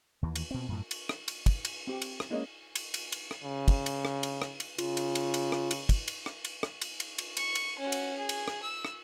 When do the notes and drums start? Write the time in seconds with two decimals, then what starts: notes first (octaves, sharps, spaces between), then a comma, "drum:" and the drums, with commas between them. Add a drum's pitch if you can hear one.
0.22 D#2 E3
0.36 drum: cymbal
0.51 B2 C4
0.68 F#2 A2
0.91 drum: cymbal
1.09 drum: rim click
1.28 drum: cymbal
1.46 drum: kick, cymbal
1.65 drum: cymbal
1.87 C4 G4
2.02 drum: cymbal
2.20 drum: rim click
2.30 G#3 A#3 C#4 E4 D#5
2.75 drum: cymbal
2.94 drum: cymbal
3.12 drum: cymbal
3.31 drum: rim click
3.44 C#3
3.68 drum: kick, cymbal
3.86 drum: cymbal
4.05 drum: rim click
4.23 drum: cymbal
4.42 drum: rim click
4.60 drum: cymbal
4.78 C#3 F4, drum: cymbal
4.97 drum: cymbal
5.15 drum: cymbal
5.34 drum: cymbal
5.52 drum: rim click
5.71 drum: cymbal
5.89 drum: kick, cymbal
6.08 drum: cymbal
6.26 drum: rim click
6.45 drum: cymbal
6.63 drum: rim click
6.82 drum: cymbal
7.00 drum: cymbal
7.18 drum: cymbal
7.37 C#6, drum: cymbal
7.55 drum: cymbal
7.79 C#4 F#4
7.92 drum: cymbal
8.17 G#4
8.29 drum: cymbal
8.48 drum: rim click
8.63 E6
8.85 drum: rim click